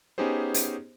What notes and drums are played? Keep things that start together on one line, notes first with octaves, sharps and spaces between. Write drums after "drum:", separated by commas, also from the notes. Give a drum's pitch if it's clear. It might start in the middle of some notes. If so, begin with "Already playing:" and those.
B3 C#4 D#4 G4 G#4 C5
drum: hi-hat